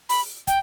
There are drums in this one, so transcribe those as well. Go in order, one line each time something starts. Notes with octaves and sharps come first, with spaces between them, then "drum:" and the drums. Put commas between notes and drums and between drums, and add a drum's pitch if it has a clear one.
B5, drum: open hi-hat
G5, drum: kick, hi-hat